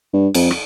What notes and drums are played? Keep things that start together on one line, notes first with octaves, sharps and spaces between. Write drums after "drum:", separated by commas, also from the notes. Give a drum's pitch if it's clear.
G2
F2, drum: cymbal
drum: rim click